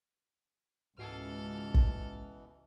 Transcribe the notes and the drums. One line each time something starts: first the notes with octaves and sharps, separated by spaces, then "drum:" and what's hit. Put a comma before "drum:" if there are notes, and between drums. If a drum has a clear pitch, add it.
C#2 G#2 B2 E3 F#4 A4 F6 C7
drum: kick